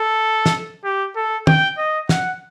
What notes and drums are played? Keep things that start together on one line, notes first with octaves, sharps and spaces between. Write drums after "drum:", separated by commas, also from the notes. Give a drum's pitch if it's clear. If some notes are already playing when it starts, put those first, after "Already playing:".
Already playing: A4
drum: snare
G4
A4
G5, drum: tom
D#5
F#5, drum: snare